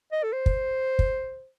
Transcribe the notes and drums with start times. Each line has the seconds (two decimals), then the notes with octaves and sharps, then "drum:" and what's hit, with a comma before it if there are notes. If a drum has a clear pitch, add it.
0.12 D#5
0.23 A4
0.33 C5
0.46 drum: kick
0.99 drum: kick